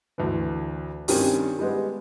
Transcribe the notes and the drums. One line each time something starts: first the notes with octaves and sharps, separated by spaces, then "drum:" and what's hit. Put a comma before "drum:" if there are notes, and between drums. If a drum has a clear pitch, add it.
D2 E3
G2 C3 D#3 G3 C4 C#4, drum: open hi-hat
G3 G#3 B3